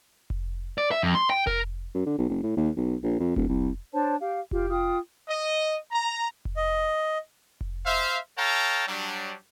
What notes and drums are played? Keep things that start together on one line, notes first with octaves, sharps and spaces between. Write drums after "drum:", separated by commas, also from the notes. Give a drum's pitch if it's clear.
drum: kick F1
D5
E5
F2
C6
G5
A#4, drum: kick F1
F#2
D3
B1
F#1
A2
D#2
B1
A#1
F2
D#1, drum: kick F1
C2
D4 C5 C#5 A5
G4 F5
F4 G4, drum: kick F1
F4 G5 D#6
D#5
A#5
drum: kick F1
D#5
drum: kick F1
C5 E5 F5
A4 C#5 F5 G5 A5 A#5
F#3 G3 D4